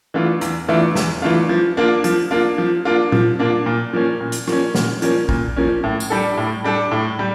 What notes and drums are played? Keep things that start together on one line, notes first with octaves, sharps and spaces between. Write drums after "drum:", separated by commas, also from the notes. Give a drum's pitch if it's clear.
E3 A3 D4 F4
E2, drum: hi-hat
E3 A3 D4 F4
E2, drum: snare
E3 A3 D4 F4
F3
A#3 D4 F4
F3, drum: hi-hat
A#3 D4 F4
F3
A#3 D4 F4
F3, drum: tom A#2
A#3 D4 F4
A#2
F3 A#3 C#4
A#2
drum: hi-hat
F3 A#3 C#4, drum: rim click
A#2, drum: snare
F3 A#3 C#4, drum: hi-hat
A#2, drum: kick A1
F3 A#3 C#4
A2
drum: tambourine
G3 D4 A4
A2
G3 D4 A4
A2
G3